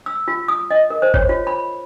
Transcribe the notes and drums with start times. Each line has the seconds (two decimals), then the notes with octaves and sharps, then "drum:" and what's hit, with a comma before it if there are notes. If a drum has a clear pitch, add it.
0.06 E6
0.28 F4
0.48 D#6
0.71 D#5
0.90 A#4
1.02 C5
1.14 C#5, drum: kick
1.29 F4
1.47 B5